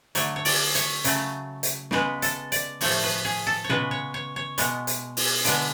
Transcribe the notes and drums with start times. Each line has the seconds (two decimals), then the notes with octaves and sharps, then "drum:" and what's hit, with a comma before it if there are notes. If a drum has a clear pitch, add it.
0.15 D3 F#3 A3 C#5, drum: hi-hat
0.36 C#5
0.45 D5, drum: open hi-hat
0.75 C#5, drum: hi-hat
1.04 C#3 F#3 A3, drum: hi-hat
1.63 drum: hi-hat
1.91 C#3 G#3 B3 B4, drum: snare
2.22 A4, drum: hi-hat
2.52 D5, drum: hi-hat
2.81 A2 F3 A3 C#5, drum: open hi-hat
3.03 B4
3.25 G#4
3.47 A4
3.64 C#5
3.69 C#3 G#3 B3 B4, drum: tom A#2
3.91 C#5
4.14 C#5
4.36 C#5
4.58 B2 G#3 B3, drum: hi-hat
4.87 drum: hi-hat
5.17 drum: open hi-hat
5.45 D3 G#3 B3, drum: hi-hat